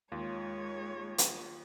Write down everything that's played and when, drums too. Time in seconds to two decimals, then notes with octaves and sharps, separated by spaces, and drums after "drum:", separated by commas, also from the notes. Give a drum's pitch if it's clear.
0.12 D#2 G#3 F4 C#5
1.18 drum: hi-hat